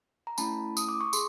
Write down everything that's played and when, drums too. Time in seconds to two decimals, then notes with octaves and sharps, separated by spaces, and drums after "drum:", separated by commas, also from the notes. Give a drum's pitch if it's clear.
0.27 A#5
0.38 A3 C#4 E4 A5 B5, drum: tambourine
0.77 D#6, drum: tambourine
0.89 D6
1.01 C#6
1.13 G#4 C6, drum: tambourine